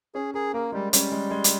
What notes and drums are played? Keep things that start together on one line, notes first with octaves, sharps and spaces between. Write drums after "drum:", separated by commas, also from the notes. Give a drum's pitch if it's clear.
C#4 G#4
G#4 A#4
A#3 A#4
G3 G#3
G3 C#4, drum: hi-hat
G#3
G#3
drum: hi-hat